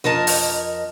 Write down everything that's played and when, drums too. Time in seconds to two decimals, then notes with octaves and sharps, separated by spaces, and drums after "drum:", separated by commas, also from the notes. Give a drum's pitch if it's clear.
0.04 F2 A#4 D#5 A5
0.27 drum: open hi-hat